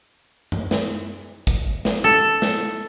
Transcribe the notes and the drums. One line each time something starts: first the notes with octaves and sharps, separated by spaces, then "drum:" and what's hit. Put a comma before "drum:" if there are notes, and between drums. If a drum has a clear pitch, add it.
drum: tom F#2
drum: snare
drum: kick
drum: snare
A4
drum: snare